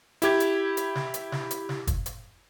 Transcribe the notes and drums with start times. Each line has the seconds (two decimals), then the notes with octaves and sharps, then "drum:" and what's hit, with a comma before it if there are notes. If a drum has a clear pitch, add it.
0.22 E4 G4 G#6, drum: hi-hat
0.40 drum: hi-hat
0.77 drum: hi-hat
0.95 drum: snare
1.14 drum: hi-hat
1.32 drum: snare
1.51 drum: hi-hat
1.69 drum: snare
1.87 drum: kick, hi-hat
2.06 drum: hi-hat